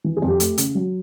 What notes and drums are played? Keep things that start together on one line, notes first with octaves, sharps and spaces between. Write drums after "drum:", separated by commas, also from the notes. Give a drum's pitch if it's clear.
E3
G#4
F2
G4
A3, drum: hi-hat
C#3, drum: hi-hat
F#3